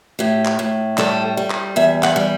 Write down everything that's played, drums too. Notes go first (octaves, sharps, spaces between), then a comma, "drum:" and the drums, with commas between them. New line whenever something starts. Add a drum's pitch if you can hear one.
A2 G4
drum: clap
A2
G3 A4, drum: clap
G3
drum: clap
E2 E5
F#5, drum: clap
G3